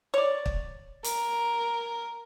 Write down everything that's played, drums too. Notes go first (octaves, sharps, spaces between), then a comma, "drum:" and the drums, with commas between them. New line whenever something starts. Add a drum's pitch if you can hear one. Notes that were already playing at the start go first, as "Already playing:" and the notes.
C#5 D5
drum: kick
A#4, drum: hi-hat